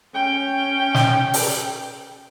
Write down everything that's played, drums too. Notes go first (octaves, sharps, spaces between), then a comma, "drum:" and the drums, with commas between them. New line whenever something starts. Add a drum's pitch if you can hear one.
C#4 G5
drum: snare
drum: open hi-hat